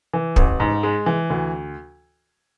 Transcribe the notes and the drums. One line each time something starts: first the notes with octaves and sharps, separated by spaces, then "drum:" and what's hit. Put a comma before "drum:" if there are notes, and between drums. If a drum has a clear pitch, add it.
E3
A1, drum: kick
G#2
G#3
E3
D2